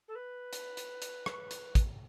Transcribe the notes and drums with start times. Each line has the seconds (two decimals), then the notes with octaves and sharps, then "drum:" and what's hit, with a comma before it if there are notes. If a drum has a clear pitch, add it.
0.08 A4
0.15 B4
0.53 drum: hi-hat
0.77 drum: hi-hat
1.02 drum: hi-hat
1.26 drum: rim click
1.51 drum: hi-hat
1.75 drum: kick, hi-hat